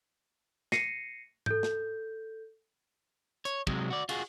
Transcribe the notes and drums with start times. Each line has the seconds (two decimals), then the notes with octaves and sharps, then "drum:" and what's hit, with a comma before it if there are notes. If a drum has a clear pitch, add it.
0.72 A#6 C7 C#7 D#7, drum: snare
1.46 A4 G6, drum: tom G#2
1.63 drum: snare
3.45 C#5, drum: hi-hat
3.67 C3 F#3 G#3, drum: kick
3.90 F#4 D5
4.09 F4 F#4 G#4, drum: cymbal